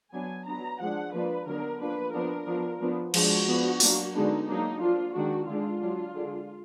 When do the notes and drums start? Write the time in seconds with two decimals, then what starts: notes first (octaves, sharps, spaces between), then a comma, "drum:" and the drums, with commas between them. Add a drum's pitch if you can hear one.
0.13 F#3 B3 D4 G#5
0.46 F#3 B3 D4 A#5
0.80 F3 G#3 D4 F#5
1.13 F3 A#3 D4 B4
1.46 D3 F#3 B3 D4 A#4
1.80 F3 A#3 D4 B4
2.13 F3 B3 D4 A#4
2.47 F3 B3 D4
2.80 F3 B3 D4
3.14 F3 G#3 D4 F#4, drum: cymbal
3.47 F3 B3 D4
3.80 F#3 A#3 D4, drum: open hi-hat
4.14 D3 G#3 B3 D4 D#4
4.47 F#3 A#3 D4 D#4
4.81 F3 A#3 D4 F4
5.14 D#3 G#3 D4 F#4
5.47 D3 G#3 D4 F4
5.81 F#3 D4
6.14 D3 G#3 D4